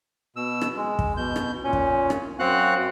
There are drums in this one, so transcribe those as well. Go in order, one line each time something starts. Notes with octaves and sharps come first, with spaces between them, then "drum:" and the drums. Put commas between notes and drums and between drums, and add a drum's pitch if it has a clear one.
B2 E6
drum: rim click
G#3
drum: kick
B2 G6
drum: rim click
A#2 C#4
drum: kick
drum: rim click
F#2 C4 F#4 F5 F#5 F#6